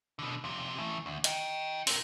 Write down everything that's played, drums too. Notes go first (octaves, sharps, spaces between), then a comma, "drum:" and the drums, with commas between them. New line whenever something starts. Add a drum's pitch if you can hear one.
B2 D3
F2 C3
E3 A3
D2
D#5 G5, drum: hi-hat
C4 A#4, drum: open hi-hat